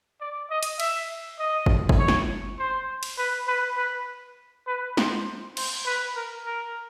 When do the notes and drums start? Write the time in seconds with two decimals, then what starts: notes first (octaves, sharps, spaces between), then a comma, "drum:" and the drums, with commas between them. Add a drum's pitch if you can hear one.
0.21 D5
0.51 D#5
0.63 drum: hi-hat
0.80 E5, drum: cymbal
1.39 D#5
1.66 drum: kick
1.89 drum: kick
1.99 C#5
2.08 drum: snare
2.59 C5
3.03 drum: cymbal
3.18 B4
3.48 B4
3.77 B4
4.67 B4
4.97 C5, drum: snare
5.57 C5, drum: cymbal
5.86 B4
6.16 A#4
6.46 A#4